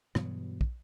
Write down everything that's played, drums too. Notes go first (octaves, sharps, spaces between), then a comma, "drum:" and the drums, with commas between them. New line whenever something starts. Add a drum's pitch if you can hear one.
G2 B2 E3 F#3, drum: rim click
drum: kick